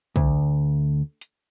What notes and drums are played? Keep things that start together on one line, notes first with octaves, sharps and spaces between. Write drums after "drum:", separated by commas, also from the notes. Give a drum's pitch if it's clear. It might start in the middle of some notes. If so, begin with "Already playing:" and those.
D2, drum: kick
drum: hi-hat